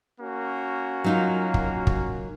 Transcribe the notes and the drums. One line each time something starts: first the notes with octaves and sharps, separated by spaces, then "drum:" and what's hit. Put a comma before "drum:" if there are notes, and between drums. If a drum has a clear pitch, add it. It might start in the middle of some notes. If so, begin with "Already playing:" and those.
A#3 C#4 F#4
F#3 D#4 F4
drum: kick
drum: kick